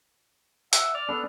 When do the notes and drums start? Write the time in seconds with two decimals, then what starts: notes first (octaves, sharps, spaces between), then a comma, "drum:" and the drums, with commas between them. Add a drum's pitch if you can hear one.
0.73 E5 F#5, drum: hi-hat
0.94 D5 F6
1.09 B3 D4 A4